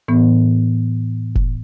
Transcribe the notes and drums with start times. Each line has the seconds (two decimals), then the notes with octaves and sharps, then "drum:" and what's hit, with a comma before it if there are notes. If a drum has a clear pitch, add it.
0.08 A2 E3 B3
1.35 drum: kick F1